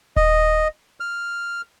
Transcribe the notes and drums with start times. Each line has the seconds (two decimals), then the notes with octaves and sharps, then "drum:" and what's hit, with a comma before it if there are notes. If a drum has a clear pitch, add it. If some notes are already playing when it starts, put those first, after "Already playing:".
0.16 D#5, drum: kick D#1
1.00 F6